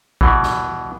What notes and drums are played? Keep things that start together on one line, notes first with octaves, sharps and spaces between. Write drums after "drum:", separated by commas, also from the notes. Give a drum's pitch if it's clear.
B2 E3, drum: kick G#1
drum: snare